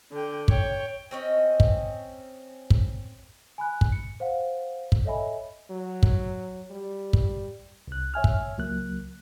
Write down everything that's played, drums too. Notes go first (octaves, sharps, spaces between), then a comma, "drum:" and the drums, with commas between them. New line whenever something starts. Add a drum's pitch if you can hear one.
D3 G5
C#5 G5, drum: kick
C4 C#4 D#5
drum: kick
drum: kick
G#5 B5 F#6
drum: kick
C#7
C5 F5 F#5
drum: kick
A4 C#5 D#5 E5 G#5 B5
F#3
drum: kick
G3
drum: kick
C2 F#6
C#5 E5 G#5 F6
drum: kick
C#2 F#3 A#3 F#6